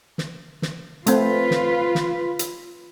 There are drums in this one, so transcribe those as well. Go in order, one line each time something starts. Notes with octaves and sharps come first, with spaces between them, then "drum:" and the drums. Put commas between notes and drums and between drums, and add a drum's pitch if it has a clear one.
drum: snare
drum: snare
A3 C4 F4 B4, drum: hi-hat
drum: snare
drum: snare
drum: hi-hat